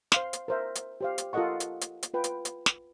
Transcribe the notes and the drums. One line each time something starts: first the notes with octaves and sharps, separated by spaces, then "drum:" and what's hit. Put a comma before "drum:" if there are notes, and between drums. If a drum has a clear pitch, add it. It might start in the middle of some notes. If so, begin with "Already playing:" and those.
C5 F5 C6, drum: snare
drum: hi-hat
A#4 C5 E5
drum: hi-hat
G4 C5 F5
drum: hi-hat
F4 A4 A#4 D#5 F#5 C#6
drum: hi-hat
drum: hi-hat
drum: hi-hat
F4 B4 G5
drum: hi-hat
drum: hi-hat
drum: snare